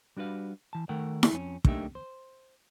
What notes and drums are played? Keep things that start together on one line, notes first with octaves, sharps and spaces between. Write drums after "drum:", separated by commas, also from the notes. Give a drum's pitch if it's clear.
G3 D4 F#4 B4 F5
E3 A5
D#3 A3 A#4 F#5 G5
drum: snare E4
F2 C#4
A3 A#3 D4 D#4 G4 E5, drum: kick
C5